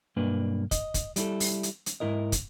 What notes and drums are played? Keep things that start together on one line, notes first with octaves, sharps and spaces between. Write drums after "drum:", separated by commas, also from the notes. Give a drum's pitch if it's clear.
B1 G2 A#3 D4 B4
D#5, drum: kick, hi-hat
drum: kick, hi-hat
G3 E4 A4, drum: hi-hat
drum: open hi-hat
drum: hi-hat
drum: hi-hat
G#2 C3 E4 A#4 D#5
drum: kick, hi-hat